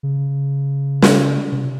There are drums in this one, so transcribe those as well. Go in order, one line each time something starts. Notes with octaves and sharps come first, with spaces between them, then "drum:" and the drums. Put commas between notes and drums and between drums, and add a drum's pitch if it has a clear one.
C#3
drum: snare
C3